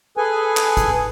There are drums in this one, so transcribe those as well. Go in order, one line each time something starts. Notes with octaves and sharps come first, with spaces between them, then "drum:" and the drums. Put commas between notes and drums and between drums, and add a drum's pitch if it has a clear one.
G#4 A4 B4 G#5
drum: clap
drum: kick, hi-hat